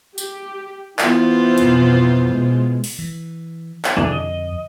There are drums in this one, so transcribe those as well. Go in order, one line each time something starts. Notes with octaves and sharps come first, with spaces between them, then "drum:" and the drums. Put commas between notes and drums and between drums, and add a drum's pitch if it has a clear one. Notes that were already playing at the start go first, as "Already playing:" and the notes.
G4, drum: tambourine
E3 B3 F4 C5, drum: clap
F2 B2, drum: hi-hat
B2 G#3
drum: open hi-hat
E3
drum: clap
F2 D3 E3 D4 G#4, drum: tom
D#5